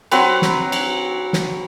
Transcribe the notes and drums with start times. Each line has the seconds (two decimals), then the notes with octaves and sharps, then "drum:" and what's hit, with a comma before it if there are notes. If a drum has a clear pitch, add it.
0.12 F#3 C4 B4, drum: cymbal
0.42 drum: snare
0.72 drum: cymbal
1.33 drum: snare